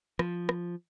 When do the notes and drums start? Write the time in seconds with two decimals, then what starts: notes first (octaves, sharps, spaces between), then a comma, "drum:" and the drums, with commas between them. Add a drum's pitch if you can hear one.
0.19 F3, drum: rim click
0.49 drum: rim click